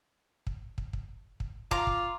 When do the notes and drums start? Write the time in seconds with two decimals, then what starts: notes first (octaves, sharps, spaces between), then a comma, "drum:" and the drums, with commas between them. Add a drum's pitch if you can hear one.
0.47 drum: kick
0.78 drum: kick
0.93 drum: kick
1.40 drum: kick
1.71 F4 A#5 D6, drum: kick
1.87 drum: kick